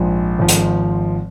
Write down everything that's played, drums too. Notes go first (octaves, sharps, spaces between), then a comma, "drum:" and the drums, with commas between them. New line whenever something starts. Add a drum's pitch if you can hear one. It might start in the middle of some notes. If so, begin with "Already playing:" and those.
Already playing: A#1 G#2 F3
G#1 G#2 F3
drum: hi-hat